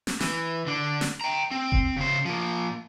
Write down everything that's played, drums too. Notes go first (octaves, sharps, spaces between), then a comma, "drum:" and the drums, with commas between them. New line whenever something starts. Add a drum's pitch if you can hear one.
drum: snare
E3, drum: snare
D3 D4
drum: snare
G5 A#5
C4
drum: kick F1
C#3 C5
F3 A#3